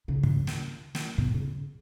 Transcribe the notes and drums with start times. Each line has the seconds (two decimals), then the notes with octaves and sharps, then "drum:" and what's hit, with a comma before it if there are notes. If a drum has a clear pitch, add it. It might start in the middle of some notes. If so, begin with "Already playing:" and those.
0.08 C#3
0.23 drum: kick
0.47 drum: snare
0.95 drum: snare
1.18 B2, drum: kick
1.34 C#3